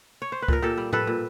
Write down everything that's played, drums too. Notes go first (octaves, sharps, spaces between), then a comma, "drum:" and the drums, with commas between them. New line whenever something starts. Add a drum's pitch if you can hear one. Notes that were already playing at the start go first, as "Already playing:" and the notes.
C#5
C5
B4
A#2 A#4, drum: kick C#2
A#2 G4 A4
G3
G3 A4 B4, drum: tom A2
A#2